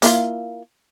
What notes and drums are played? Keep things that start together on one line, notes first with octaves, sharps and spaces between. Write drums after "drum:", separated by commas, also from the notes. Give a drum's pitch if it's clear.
A#3 E4 F4, drum: hi-hat